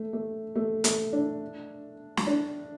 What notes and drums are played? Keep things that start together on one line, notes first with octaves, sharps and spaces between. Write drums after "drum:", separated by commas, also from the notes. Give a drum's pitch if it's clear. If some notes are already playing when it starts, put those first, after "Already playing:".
Already playing: A3
A3
A3
A3, drum: hi-hat
D4
drum: snare
D4